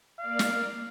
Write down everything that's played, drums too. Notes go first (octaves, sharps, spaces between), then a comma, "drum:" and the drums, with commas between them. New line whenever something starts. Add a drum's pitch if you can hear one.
A#3 D5 F5
drum: snare